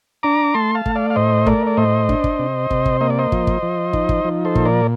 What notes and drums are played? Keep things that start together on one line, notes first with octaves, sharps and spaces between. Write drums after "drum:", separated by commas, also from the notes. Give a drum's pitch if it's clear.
D4 A#5 D6
A3 A5 C6
F5 A5
A3, drum: kick
D5 F5
F5
A2 C5 D#5
A3 A#4 D5, drum: kick
D5
A2 C5 D#5
D4, drum: kick
drum: kick
C3
C3, drum: kick
drum: kick
A#3 D#5
D5
C5 D#5
F3, drum: kick
drum: kick
F3
D#4, drum: kick
drum: kick
F3
A4 C5
A#2, drum: kick
A#4 D5